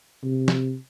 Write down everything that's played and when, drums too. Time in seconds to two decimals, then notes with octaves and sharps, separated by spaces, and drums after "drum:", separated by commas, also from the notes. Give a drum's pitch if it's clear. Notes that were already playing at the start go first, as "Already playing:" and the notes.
0.23 C3
0.48 drum: snare